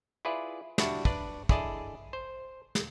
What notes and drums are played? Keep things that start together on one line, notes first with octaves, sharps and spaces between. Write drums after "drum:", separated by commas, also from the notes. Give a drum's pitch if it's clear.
E4 F4 G#4 B4 D5
G3 D4 E4 F#4, drum: snare
D4 B4 D5, drum: kick
D3 E4 G#4 D5 D#5 A5, drum: kick
C5
drum: snare